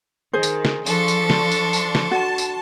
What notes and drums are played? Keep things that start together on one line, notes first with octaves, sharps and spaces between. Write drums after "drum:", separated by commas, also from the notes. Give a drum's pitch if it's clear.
D#3 G#4 C5
drum: tambourine
drum: snare
F3 D4 A4 C6 C#6, drum: tambourine
drum: tambourine
drum: snare
drum: tambourine
drum: tambourine
drum: snare
F#4 A5
drum: tambourine